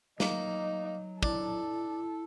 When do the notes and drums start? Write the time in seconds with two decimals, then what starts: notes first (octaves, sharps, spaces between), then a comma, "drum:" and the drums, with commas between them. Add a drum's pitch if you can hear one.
0.20 F#3 A#3 D#4, drum: snare
1.23 D4 E4 A4, drum: kick